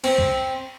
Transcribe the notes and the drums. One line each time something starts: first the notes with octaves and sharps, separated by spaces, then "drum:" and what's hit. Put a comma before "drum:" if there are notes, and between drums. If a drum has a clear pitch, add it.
C4, drum: cymbal
drum: kick